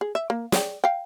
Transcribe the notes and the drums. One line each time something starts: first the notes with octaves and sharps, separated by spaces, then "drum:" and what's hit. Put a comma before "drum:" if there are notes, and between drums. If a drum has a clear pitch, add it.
G#4
E5
A#3
G#4 D5 G5, drum: snare
F5 G5